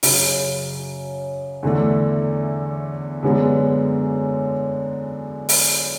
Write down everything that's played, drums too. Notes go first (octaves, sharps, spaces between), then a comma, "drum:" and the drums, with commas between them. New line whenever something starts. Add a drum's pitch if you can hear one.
F#2 C#3 F#3, drum: open hi-hat
E2 D3 A3
F#2 D3 G#3 B3
drum: open hi-hat